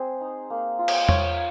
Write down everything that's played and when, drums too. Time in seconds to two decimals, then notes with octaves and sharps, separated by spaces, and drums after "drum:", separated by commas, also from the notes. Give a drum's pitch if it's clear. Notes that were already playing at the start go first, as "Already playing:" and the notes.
Already playing: G#3 C4 G#4 C5
0.21 D#4
0.50 A#3
0.79 F4
0.88 drum: cymbal
1.09 F4 C#5, drum: tom E2